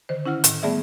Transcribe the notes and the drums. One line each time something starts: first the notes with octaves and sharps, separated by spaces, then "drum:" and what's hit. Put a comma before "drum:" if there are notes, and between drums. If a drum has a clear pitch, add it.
D3 D#3 C5
C#4 E4 F#5 F6
A2 D#3, drum: hi-hat
G3 A3 B3 G#4 D5 E5